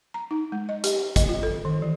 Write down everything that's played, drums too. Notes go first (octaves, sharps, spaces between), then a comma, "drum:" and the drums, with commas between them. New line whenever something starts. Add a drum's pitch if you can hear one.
A#5
D#4
G#3
D#5
G4, drum: hi-hat
D#5, drum: kick, hi-hat
F4
A4
D#3
E3